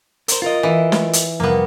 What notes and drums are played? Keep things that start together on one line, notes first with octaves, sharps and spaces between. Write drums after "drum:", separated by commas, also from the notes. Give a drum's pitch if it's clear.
A#4 C5, drum: hi-hat
F4 A#4 D#5
E3
drum: snare
drum: hi-hat
C2 F2 A#3 B3